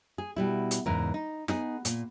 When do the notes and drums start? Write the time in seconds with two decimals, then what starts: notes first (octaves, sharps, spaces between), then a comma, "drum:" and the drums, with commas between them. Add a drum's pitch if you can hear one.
0.18 G#4
0.36 B2 G3 E4
0.71 drum: hi-hat
0.86 E2 G#2 C#3 E4 A#4
1.14 D#4
1.48 B3 D#4 G#4, drum: snare
1.85 A#2, drum: hi-hat